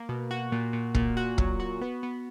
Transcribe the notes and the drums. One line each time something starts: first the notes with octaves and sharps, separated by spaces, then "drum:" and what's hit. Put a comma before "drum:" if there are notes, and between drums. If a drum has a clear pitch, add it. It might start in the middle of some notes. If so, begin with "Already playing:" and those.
Already playing: A#3
B2
F#4
A#2
A#2
A#2, drum: kick
F#4
F#3, drum: kick
F#4
B3
B3